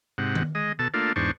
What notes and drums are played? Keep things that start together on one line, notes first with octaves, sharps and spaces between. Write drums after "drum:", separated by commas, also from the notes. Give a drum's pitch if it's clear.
G#2 C3 F#5
drum: tom D#3
G#3 D#5
B2 A4 A5
A3 A#3 D4 F4
E2 G#2 D4 C5 C#6